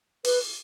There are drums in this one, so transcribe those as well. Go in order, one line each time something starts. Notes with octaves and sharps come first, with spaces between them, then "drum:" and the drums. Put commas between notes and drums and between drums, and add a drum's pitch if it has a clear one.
B4, drum: open hi-hat